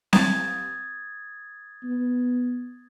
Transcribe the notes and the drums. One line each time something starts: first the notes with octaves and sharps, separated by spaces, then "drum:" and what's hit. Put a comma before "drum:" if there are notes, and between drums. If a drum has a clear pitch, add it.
D#6 G#6 A6, drum: snare C4
B3